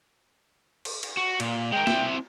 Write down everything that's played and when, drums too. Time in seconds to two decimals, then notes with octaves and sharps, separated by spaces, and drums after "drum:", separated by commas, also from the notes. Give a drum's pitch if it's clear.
0.85 drum: cymbal
1.03 drum: cymbal
1.17 F#4
1.40 A#2, drum: cymbal
1.72 G#3 A#4 G5
1.87 C4 E4 E5, drum: snare